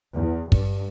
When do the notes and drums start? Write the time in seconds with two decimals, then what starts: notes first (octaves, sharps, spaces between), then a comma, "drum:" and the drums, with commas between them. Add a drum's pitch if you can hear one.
0.14 E2
0.52 G2, drum: kick